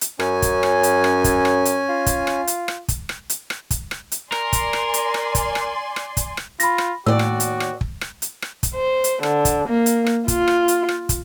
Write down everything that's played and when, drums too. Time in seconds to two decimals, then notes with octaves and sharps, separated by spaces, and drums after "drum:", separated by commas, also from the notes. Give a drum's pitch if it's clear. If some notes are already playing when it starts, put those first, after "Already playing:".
0.01 drum: hi-hat
0.20 F#2 C#4 G#5, drum: rim click
0.42 drum: kick, hi-hat
0.63 drum: rim click
0.83 drum: hi-hat
1.04 drum: rim click
1.24 drum: kick, hi-hat
1.45 drum: rim click
1.65 drum: hi-hat
1.89 F4
2.06 drum: kick, hi-hat
2.27 drum: rim click
2.47 drum: hi-hat
2.68 drum: rim click
2.88 drum: kick, hi-hat
3.09 drum: rim click
3.30 drum: hi-hat
3.50 drum: rim click
3.71 drum: kick, hi-hat
3.91 drum: rim click
4.12 drum: hi-hat
4.32 A#4 D5 G#5 C6, drum: rim click
4.53 drum: kick, hi-hat
4.73 drum: rim click
4.94 drum: hi-hat
5.14 drum: rim click
5.35 drum: kick, hi-hat
5.55 drum: rim click
5.96 drum: rim click
6.17 drum: kick, hi-hat
6.37 drum: rim click
6.60 F4 B5 A#6, drum: hi-hat
6.78 drum: rim click
7.06 D#2 A2 F#4 D5 E6
7.19 drum: rim click
7.40 drum: hi-hat
7.60 drum: rim click
7.81 drum: kick
8.01 drum: rim click
8.22 drum: hi-hat
8.42 drum: rim click
8.63 drum: kick, hi-hat
8.75 C5
9.04 drum: hi-hat
9.23 D3, drum: rim click
9.45 drum: kick, hi-hat
9.69 A#3
9.86 drum: hi-hat
10.06 drum: rim click
10.28 F4, drum: kick, hi-hat
10.48 drum: rim click
10.68 drum: hi-hat
10.89 drum: rim click
11.09 drum: kick, hi-hat